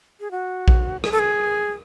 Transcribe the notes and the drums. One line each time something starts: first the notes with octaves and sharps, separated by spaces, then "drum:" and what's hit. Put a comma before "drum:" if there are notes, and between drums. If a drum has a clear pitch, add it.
G#4
F#4
drum: kick A#1
G#4, drum: rim click
A4
G#4